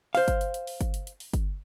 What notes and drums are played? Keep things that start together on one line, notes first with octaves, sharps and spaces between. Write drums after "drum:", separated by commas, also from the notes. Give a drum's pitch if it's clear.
C5 F5, drum: open hi-hat
drum: kick G1, hi-hat
drum: hi-hat
drum: hi-hat
drum: open hi-hat
drum: kick G1, hi-hat
drum: hi-hat
drum: hi-hat
drum: open hi-hat
drum: kick G1, hi-hat